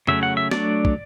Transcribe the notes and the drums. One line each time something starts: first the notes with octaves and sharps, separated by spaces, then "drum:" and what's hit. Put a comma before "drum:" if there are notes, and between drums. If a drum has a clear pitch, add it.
C#3 F#3 A3 C#4 E5, drum: tom F2
F#5
E5
F#3 A3 D4 D5, drum: snare
drum: kick